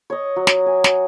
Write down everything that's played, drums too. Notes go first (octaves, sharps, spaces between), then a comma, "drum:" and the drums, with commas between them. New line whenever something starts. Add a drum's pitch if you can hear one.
C#5 D#5
F#3
drum: snare
G#5
drum: snare